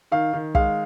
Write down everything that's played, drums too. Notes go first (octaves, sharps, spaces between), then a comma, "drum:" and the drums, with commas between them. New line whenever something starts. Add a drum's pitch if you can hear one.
D#3 F5
D#3
G#3 F5, drum: kick